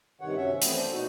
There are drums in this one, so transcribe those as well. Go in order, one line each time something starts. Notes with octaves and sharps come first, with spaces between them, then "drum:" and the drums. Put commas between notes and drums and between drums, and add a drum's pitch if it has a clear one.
G2 C3 D#3 C#5 F#5
F#2 C3 F#3 C#4 C#5 E5
E3 F3 A3 B3 C4, drum: hi-hat
A4 C5 D5
B2 D#4 F#4